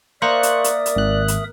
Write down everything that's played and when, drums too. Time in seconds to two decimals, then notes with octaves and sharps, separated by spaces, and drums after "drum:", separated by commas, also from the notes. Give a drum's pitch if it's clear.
0.22 A#3 A#4 C5 D5 E5 C#6 D#6 F#6
0.43 drum: hi-hat
0.64 drum: hi-hat
0.86 drum: hi-hat
0.96 G#1 F#6
1.28 drum: hi-hat